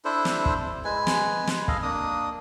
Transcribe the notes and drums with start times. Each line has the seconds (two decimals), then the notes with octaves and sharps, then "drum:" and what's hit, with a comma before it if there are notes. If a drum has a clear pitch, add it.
0.05 D4 E4 A4 C5
0.25 drum: snare
0.45 drum: kick
0.85 G#3 B4 G#5
1.07 drum: snare
1.47 drum: snare
1.68 A4 D#5 F5, drum: kick
1.83 A#3 D4 D#6